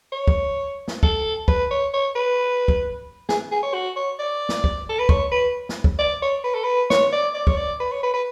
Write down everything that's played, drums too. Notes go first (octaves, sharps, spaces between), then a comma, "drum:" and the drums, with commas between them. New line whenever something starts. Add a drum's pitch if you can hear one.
C#5
drum: kick
drum: snare
A4, drum: kick
B4, drum: kick
C#5
C#5
B4
drum: kick
G#4, drum: snare
G#4
C#5
F#4
C#5
D5
drum: snare
drum: kick
A4
B4
C#5, drum: kick
B4
drum: snare
drum: kick
D5
C#5
B4
A4
B4
C#5, drum: snare
D5
D5
C#5, drum: kick
D5
B4
C#5
B4
B4